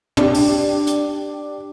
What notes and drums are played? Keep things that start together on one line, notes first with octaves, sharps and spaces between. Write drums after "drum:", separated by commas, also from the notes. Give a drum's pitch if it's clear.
D4 G4, drum: tom
drum: open hi-hat
drum: hi-hat